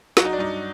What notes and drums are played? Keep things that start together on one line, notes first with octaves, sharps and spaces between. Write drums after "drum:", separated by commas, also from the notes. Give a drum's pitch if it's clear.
F#3 F#4, drum: snare
D#4
D4
G2 D#4